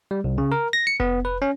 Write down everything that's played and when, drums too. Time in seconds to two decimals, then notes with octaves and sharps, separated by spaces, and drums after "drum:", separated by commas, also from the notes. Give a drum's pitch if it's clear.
0.11 G3
0.24 C2
0.38 C#3
0.52 A#4
0.73 A#6
0.87 C#7
1.00 B3, drum: kick F1
1.25 B4
1.42 C#4